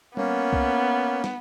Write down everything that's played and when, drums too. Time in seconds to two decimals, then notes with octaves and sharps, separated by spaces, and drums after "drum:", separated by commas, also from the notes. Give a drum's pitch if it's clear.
0.17 A#3 B3 C#4, drum: tom G3
0.53 drum: kick C2
1.24 drum: snare